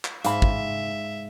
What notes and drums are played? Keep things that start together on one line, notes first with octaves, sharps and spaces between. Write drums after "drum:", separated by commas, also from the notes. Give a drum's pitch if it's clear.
drum: clap
G#2 E5 F5 B5, drum: hi-hat
drum: kick